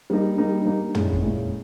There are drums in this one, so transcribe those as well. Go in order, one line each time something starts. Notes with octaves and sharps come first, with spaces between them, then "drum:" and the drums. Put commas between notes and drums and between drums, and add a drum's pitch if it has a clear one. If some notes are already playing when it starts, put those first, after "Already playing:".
G3 A#3 D#4
G3 A#3 D#4
G3 A#3 D#4
A#2 G#3 C#4 E4, drum: tom
drum: kick
A#2 G#3 C#4 E4